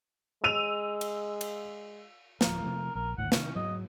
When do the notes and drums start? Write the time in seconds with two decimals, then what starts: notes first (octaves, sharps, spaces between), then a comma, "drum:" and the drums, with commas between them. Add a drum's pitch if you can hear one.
0.44 G#3 E6 D#7 F7
1.01 drum: cymbal
1.41 drum: cymbal
2.41 D1 F3 A#4, drum: snare
2.63 C3 F3 A3
2.95 A#1 A#4
3.18 G#1 D2 A2 F#5
3.32 C3 D#3 C#4, drum: snare
3.55 G#2 F#3 G#3 D#5